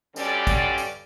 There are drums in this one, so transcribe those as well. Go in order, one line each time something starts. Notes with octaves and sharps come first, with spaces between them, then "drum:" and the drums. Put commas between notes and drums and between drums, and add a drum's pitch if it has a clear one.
G2 B2 D3 G3 C#4 D5, drum: tambourine
drum: kick, tambourine
drum: tambourine